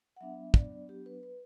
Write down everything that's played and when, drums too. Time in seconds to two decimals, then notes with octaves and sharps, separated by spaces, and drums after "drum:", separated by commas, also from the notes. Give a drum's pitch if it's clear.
0.16 F#5
0.21 F#3 B3 D4 E5
0.54 D5, drum: kick
0.89 G4
1.06 B4
1.23 B4